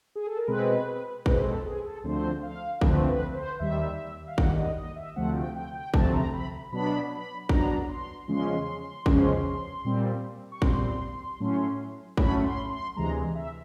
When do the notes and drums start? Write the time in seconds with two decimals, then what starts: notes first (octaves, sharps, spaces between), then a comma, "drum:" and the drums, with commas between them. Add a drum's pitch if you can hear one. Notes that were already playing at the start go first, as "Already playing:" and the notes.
0.15 G#4
0.27 A4
0.37 A#4
0.48 B2 G#3 C4 B4
1.26 B2 G#3 C4 B4, drum: kick
1.45 A4
1.66 G#4
1.85 A4
2.04 D2 D3 F3 A3 C4 C5
2.43 F5
2.81 D2 D3 F3 A3 C4 B4, drum: kick
3.09 B4
3.34 C5
3.59 D#2 D#3 G3 E5
4.28 F5
4.38 D#2 D#3 G3 F#5, drum: kick
4.57 D#5
4.77 D#5
4.96 E5
5.16 D2 C3 F3 A3 C4 F#5
5.36 G5
5.56 G5
5.75 G5
5.94 D2 C3 F3 A3 C4 A5, drum: kick
6.13 A#5
6.33 B5
6.72 B2 F#3 B3 D4 B5
7.11 B5
7.49 B2 F#3 B3 D4 A#5, drum: kick
7.89 C6
8.28 E2 C#3 F3 G#3 C#4 C6
9.06 E2 C#3 F3 G#3 C#4, drum: kick
9.85 A#2 G3 C4
10.52 C#6
10.62 A#2 G3 C4 C6, drum: kick
11.40 A2 F#3 A3 C#4
12.17 A2 F#3 A3 C#4 B5, drum: kick
12.44 C6
12.70 C6
12.96 D2 C3 E3 G#3 A#5
13.35 E5